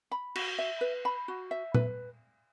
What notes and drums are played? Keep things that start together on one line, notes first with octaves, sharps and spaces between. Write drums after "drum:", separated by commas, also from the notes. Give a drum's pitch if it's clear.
B5
F#4, drum: cymbal
E5
B4
B5
F#4
E5
B4, drum: tom A#2